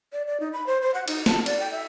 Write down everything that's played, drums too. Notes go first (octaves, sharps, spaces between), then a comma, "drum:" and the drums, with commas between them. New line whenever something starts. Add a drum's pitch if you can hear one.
D5
D5
D#4
B5
C5
C5
F#5
D#4, drum: cymbal
A5, drum: snare
D5, drum: cymbal
G5
E5